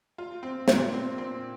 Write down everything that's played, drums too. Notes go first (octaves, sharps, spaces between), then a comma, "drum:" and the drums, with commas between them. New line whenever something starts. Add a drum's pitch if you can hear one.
F4
C4
A#2, drum: snare
C4
C4